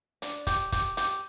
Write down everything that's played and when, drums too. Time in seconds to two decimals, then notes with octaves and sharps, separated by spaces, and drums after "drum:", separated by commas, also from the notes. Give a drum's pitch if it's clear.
0.22 D4, drum: hi-hat
0.47 G4, drum: kick, hi-hat
0.72 G4, drum: kick, hi-hat
0.97 G4, drum: hi-hat